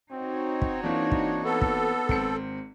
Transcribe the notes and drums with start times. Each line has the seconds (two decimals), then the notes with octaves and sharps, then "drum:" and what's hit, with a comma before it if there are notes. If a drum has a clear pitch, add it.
0.11 C4 D#4 F#4 C#5
0.62 drum: kick
0.83 E3 A#3 C4 D4
1.12 drum: kick
1.45 B3 A4
1.62 drum: kick
2.09 G#1 C4 C#7, drum: kick